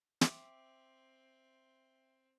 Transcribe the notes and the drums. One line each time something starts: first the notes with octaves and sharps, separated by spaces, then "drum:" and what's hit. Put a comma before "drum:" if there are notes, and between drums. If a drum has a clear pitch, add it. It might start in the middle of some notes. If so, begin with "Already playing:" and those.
C4 E5 G5 C6 D6, drum: snare